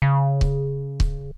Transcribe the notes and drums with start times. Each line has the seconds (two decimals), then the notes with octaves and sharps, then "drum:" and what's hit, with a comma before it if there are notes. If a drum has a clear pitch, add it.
0.02 C#3
0.41 drum: kick C#1
1.00 drum: kick C#1